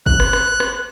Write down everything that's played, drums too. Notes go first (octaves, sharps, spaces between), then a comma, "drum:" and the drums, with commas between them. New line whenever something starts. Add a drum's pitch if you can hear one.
F#6, drum: kick G1
drum: rim click
drum: rim click
drum: rim click